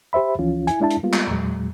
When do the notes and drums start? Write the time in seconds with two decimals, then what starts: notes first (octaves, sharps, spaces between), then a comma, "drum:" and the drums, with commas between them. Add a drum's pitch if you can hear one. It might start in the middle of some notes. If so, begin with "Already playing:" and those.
0.13 G4 C5 E5 B5
0.39 C#2 E3 F3 C#4 F4
0.67 E4 G#5, drum: hi-hat
0.80 G#3 D4 E4 A5
0.90 drum: hi-hat
1.03 G3 G#3 A#3 B3 F4
1.13 drum: clap
1.30 E2 A#2 F#3 G#3